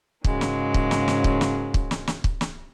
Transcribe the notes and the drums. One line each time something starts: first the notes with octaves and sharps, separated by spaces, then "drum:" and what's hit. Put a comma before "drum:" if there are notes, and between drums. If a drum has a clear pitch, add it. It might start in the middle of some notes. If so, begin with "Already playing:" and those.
G#2 C#3 F#3 G#3 A#3, drum: kick
drum: snare
drum: kick
drum: snare
drum: snare
drum: kick
drum: snare
drum: kick
drum: snare
drum: snare
drum: kick
drum: snare